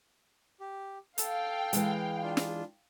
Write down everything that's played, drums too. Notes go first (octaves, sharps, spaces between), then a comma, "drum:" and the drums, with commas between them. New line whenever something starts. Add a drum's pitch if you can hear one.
G4
A4 F5 G5, drum: hi-hat
E3 G#3, drum: hi-hat
D4 F4
drum: snare